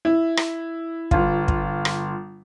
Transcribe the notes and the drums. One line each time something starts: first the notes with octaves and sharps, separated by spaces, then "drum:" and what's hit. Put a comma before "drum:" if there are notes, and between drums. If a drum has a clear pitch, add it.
E4
drum: rim click
G1 F4, drum: kick
drum: kick
drum: rim click